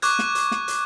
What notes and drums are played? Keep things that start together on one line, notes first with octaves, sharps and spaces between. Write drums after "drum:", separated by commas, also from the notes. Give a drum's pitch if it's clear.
C#6 D6 F#6 G#6, drum: hi-hat
drum: snare
drum: hi-hat
drum: snare
drum: hi-hat